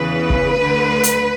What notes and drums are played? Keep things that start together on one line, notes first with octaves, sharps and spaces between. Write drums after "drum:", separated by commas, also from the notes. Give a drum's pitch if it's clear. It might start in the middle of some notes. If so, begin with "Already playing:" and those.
Already playing: E2 C#3 E3 B4
drum: kick
D2 D3
drum: hi-hat